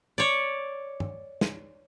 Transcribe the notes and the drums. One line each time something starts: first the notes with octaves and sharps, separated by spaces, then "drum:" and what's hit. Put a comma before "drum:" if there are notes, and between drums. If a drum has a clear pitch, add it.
C#5 D5
drum: tom G2
drum: snare